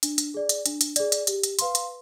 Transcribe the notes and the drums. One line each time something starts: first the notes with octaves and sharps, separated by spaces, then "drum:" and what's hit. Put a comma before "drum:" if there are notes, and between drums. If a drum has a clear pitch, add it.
D4, drum: hi-hat
drum: hi-hat
G#4 D5
drum: hi-hat
D4, drum: hi-hat
drum: hi-hat
G#4 D5, drum: hi-hat
drum: hi-hat
G4, drum: hi-hat
drum: hi-hat
B4 F5 C6, drum: hi-hat
drum: hi-hat